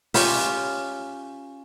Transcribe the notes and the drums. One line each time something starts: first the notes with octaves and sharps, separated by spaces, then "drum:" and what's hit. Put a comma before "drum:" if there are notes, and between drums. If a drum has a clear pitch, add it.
C#4 F4 G4, drum: open hi-hat